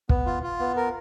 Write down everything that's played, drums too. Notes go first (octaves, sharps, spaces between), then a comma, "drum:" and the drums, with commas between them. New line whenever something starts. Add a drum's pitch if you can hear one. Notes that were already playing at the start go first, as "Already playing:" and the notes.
B3, drum: kick
F4
F4
B3
A#4